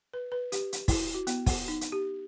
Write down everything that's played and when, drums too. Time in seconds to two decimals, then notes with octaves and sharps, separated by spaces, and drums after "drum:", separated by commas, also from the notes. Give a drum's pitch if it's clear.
0.14 B4
0.32 B4
0.52 G4, drum: hi-hat
0.73 drum: hi-hat
0.88 E4, drum: kick, open hi-hat
1.15 F#4
1.27 B3, drum: hi-hat
1.46 F#5, drum: kick, open hi-hat
1.68 D#4
1.81 drum: hi-hat
1.92 G4